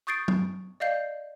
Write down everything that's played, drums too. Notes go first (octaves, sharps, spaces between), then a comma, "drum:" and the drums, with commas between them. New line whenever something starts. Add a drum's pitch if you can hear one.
C#6 D#6 G6 A6 C7 D7
drum: tom F#3
D5 D#5 F5 G6 C7